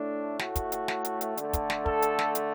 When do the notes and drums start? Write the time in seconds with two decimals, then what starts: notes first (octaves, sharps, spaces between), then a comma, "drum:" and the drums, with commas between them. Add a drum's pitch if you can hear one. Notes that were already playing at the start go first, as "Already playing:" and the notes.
Already playing: A2 A3 D4
0.39 F#4, drum: snare
0.56 drum: kick, hi-hat
0.72 drum: hi-hat
0.88 drum: snare
1.04 drum: hi-hat
1.21 drum: hi-hat
1.37 D3 A3, drum: hi-hat
1.53 drum: kick, hi-hat
1.70 drum: snare
1.86 A4, drum: kick
2.02 drum: hi-hat
2.19 drum: snare
2.35 drum: hi-hat